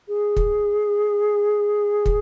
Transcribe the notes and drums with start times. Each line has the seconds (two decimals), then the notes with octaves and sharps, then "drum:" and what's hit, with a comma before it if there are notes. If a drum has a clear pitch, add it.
0.08 G#4
0.36 drum: kick
2.06 drum: kick